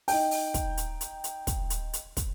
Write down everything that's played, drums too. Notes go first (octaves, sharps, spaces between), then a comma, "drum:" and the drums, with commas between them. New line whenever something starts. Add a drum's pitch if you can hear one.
D#4 G5, drum: open hi-hat
drum: open hi-hat
drum: kick, hi-hat
drum: hi-hat
drum: hi-hat
drum: hi-hat
drum: kick, hi-hat
drum: hi-hat
drum: hi-hat
drum: kick, hi-hat